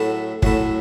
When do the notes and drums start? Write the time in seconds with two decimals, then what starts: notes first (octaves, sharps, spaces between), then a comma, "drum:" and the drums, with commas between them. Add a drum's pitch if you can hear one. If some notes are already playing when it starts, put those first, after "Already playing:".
Already playing: A2 F#3 A3 E4
0.42 A2 F#3 A3 E4, drum: kick